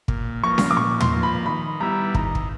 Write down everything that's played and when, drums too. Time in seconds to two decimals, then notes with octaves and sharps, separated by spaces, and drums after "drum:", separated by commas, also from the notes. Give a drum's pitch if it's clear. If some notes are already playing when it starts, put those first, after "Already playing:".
0.08 A#2, drum: kick
0.43 F3 A#3 C#6
0.58 drum: snare C#4
0.71 D6
0.77 A#2 C#6
1.00 C6, drum: tom
1.12 F3 A#3
1.23 B5
1.46 D#3 B5
1.80 G3 B3 E4 A#5
2.14 D#3 A#5, drum: kick
2.35 drum: kick